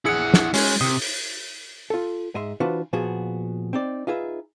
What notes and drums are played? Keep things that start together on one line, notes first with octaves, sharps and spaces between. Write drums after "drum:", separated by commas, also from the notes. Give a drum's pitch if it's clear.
A#1 E4 G#4 F#5 C#7
drum: snare
G#3 C#4, drum: open hi-hat
C3 D#6
drum: open hi-hat
F4 A4
G#2 D#5 E5 C6
E3 D4 F4 F#4 B4 C5
A#2 F3 B3 F#4 G#4
C4 D#4 D5
D#4 F4 G#4 B4 E5